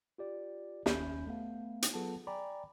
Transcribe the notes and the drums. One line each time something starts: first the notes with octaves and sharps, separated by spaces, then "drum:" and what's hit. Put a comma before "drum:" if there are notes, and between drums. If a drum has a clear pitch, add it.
F4 G4 D5
D#2 C#4 E5 B5 G6, drum: snare
A3 B3 F5
drum: hi-hat
F#3 B3 F4 G#4 A4 A5
D5 G5 G#5 A#5 B5 D6